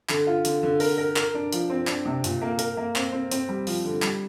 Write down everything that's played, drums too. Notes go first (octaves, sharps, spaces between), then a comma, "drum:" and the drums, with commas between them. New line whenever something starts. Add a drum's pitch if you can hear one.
D3, drum: clap
F4
D3, drum: hi-hat
D3
A#4, drum: open hi-hat
A#4
A#4, drum: clap
D4
F3, drum: hi-hat
C4
D4, drum: clap
C3
A#2, drum: hi-hat
A#3
A#4, drum: hi-hat
A#3
C4, drum: clap
C4
C4, drum: hi-hat
G3
F3, drum: open hi-hat
D3
G3, drum: clap